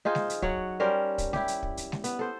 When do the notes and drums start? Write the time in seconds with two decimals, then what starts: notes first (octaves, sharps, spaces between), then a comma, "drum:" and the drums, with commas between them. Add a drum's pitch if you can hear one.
0.05 D#4 F4 G#4 C5
0.15 drum: snare G#3
0.30 drum: hi-hat
0.42 F#3 C#5 F#5, drum: kick
0.80 G3 C#4 A#4 C5
1.18 drum: kick, hi-hat
1.33 E4 G4, drum: snare G#3
1.48 drum: hi-hat
1.63 drum: kick
1.77 drum: hi-hat
1.92 drum: snare G#3
2.04 B3, drum: hi-hat
2.19 A4 C5